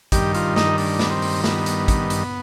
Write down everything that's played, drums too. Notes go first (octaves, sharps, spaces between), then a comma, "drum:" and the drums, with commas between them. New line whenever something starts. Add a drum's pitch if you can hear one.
G2 D#3 G4, drum: kick, hi-hat
F4, drum: hi-hat
D#4, drum: snare
D4, drum: open hi-hat
B3, drum: snare
C4
drum: open hi-hat
B3, drum: snare
drum: hi-hat
drum: kick, hi-hat
drum: hi-hat